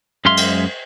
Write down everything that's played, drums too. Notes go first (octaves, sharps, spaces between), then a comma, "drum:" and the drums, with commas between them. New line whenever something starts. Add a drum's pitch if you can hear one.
F#2 G#3 E5 F5 C6
drum: cymbal